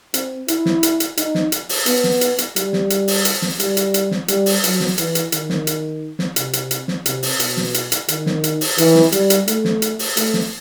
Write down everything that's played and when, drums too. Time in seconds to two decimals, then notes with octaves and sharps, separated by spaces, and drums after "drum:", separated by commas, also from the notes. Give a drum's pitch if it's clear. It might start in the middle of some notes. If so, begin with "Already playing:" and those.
0.14 C4, drum: hi-hat
0.48 E4, drum: hi-hat
0.66 drum: snare
0.83 drum: hi-hat
1.00 drum: hi-hat
1.17 D#4, drum: hi-hat
1.35 drum: snare
1.52 drum: hi-hat
1.69 drum: open hi-hat
1.86 B3, drum: hi-hat
2.04 drum: snare
2.21 drum: hi-hat
2.38 drum: hi-hat
2.56 G3, drum: hi-hat
2.73 drum: snare
2.90 drum: hi-hat
3.08 drum: open hi-hat
3.25 drum: hi-hat
3.42 drum: snare
3.60 G3, drum: hi-hat
3.77 drum: hi-hat
3.94 drum: hi-hat
4.11 drum: snare
4.28 G3, drum: hi-hat
4.46 drum: open hi-hat
4.64 F#3, drum: hi-hat
4.80 drum: snare
4.98 E3, drum: hi-hat
5.15 drum: hi-hat
5.32 D#3, drum: hi-hat
5.50 drum: snare
5.67 drum: hi-hat
6.19 drum: snare
6.36 C3, drum: hi-hat
6.53 drum: hi-hat
6.71 drum: hi-hat
6.88 drum: snare
7.06 C3, drum: hi-hat
7.23 drum: open hi-hat
7.40 B2, drum: hi-hat
7.57 drum: snare
7.74 drum: hi-hat
7.92 drum: hi-hat
8.08 D#3, drum: hi-hat
8.26 drum: snare
8.44 drum: hi-hat
8.61 drum: open hi-hat
8.78 E3, drum: hi-hat
8.95 drum: snare
9.12 G3, drum: hi-hat
9.30 drum: hi-hat
9.48 A3, drum: hi-hat
9.65 drum: snare
9.82 drum: hi-hat
9.99 drum: open hi-hat
10.17 A3, drum: hi-hat
10.34 drum: snare